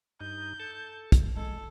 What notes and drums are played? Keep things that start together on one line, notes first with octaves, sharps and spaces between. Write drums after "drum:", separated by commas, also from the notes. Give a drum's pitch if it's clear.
G2 D#4 G6
A4 A5
drum: kick, hi-hat
G#3 A4